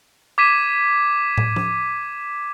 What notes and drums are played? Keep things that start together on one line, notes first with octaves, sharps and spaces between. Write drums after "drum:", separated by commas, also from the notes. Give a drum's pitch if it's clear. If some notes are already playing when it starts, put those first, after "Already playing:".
D6 G#6 B6 D#7 E7
drum: tom
drum: tom